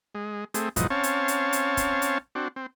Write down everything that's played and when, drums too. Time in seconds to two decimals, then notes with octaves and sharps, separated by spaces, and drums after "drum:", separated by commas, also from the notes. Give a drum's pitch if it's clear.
0.15 G#3
0.54 A3 C4 G#4, drum: hi-hat
0.76 E2 G#2 B2 F3 F#3 D#4, drum: kick, hi-hat
0.90 C4 C#4 C#5 F5 A5
1.03 drum: hi-hat
1.28 drum: hi-hat
1.53 drum: hi-hat
1.77 drum: kick, hi-hat
2.02 drum: hi-hat
2.35 C4 D4 F#4
2.56 C4